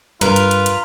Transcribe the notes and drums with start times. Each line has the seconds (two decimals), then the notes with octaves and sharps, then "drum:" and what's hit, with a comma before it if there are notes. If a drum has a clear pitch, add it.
0.21 G2 F4 A#4 B4, drum: hi-hat
0.36 drum: hi-hat
0.51 drum: hi-hat
0.66 drum: hi-hat